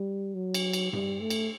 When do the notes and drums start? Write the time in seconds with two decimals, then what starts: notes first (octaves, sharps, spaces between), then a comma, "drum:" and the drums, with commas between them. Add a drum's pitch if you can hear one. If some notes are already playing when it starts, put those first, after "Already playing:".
Already playing: G3
0.35 F#3
0.54 drum: cymbal
0.73 drum: cymbal
0.93 G3, drum: tom G2
1.21 A3
1.30 drum: cymbal